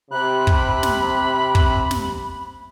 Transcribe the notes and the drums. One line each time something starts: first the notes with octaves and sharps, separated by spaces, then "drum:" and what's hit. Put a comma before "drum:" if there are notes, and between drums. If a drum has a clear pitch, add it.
C3 B5 F#6
drum: kick
drum: snare
drum: kick
drum: snare